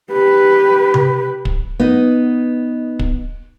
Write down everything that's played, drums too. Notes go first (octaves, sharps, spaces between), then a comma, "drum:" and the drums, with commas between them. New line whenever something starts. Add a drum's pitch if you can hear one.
G4 B4
drum: tom C3
drum: kick
B3 D#4 D#5
drum: kick